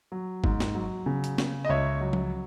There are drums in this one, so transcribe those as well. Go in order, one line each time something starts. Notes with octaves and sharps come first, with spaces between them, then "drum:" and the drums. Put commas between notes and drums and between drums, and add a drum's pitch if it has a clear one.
F#3
G#2, drum: kick G#1
drum: snare
F#3
C#3
drum: hi-hat
C#3, drum: snare
D#5
C#2 C#5 E5
F#3
drum: tom F3